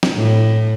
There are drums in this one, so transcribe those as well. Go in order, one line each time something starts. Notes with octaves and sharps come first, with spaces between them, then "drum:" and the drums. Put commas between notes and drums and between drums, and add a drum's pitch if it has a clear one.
drum: snare
A2